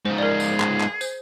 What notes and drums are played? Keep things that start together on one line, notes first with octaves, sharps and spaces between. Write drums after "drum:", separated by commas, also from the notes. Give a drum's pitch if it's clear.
G#2 F3 C5
G#4 A#4 D5
drum: tambourine
drum: clap
drum: clap
C5, drum: tambourine